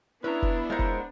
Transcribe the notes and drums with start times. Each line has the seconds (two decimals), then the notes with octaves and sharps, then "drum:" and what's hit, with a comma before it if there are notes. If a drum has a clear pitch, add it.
0.24 B3 C#4 D4 E4 B4 A#5
0.42 drum: kick F1
0.70 G#3 F4 A#4 C5 F#5
0.79 drum: kick F1